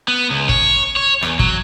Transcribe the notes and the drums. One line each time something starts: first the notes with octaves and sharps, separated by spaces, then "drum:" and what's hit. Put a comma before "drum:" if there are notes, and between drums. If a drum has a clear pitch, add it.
B3
C#2
C#5, drum: kick
C#5
E2, drum: rim click
F#3, drum: kick